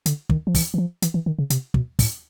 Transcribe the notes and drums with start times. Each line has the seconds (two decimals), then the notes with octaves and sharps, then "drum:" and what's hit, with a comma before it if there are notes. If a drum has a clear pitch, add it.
0.06 D3, drum: hi-hat
0.30 D#3, drum: kick
0.47 F3
0.55 E3, drum: kick, open hi-hat
0.74 E3
0.78 F3
1.02 E3, drum: hi-hat
1.14 E3
1.26 D#3
1.39 C#3
1.50 C3, drum: hi-hat
1.74 B2, drum: kick
1.99 A2, drum: kick, open hi-hat